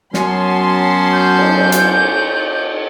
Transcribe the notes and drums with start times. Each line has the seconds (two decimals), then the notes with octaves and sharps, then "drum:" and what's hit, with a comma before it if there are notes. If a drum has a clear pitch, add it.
0.14 F#2 F#3 B3 C#4 A5 C6, drum: snare
1.13 G6
1.38 drum: cymbal
1.57 drum: cymbal
1.72 drum: hi-hat